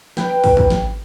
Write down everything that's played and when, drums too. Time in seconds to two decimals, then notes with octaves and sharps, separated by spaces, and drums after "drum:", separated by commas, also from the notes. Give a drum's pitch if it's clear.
0.17 B4 G5, drum: snare
0.44 drum: kick, open hi-hat
0.57 drum: kick
0.70 drum: snare